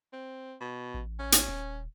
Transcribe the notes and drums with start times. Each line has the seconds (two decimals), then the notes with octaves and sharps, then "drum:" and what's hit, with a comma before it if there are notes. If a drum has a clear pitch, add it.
0.13 C4
0.60 B2
0.94 A1
1.19 C#4
1.32 drum: hi-hat
1.49 D#1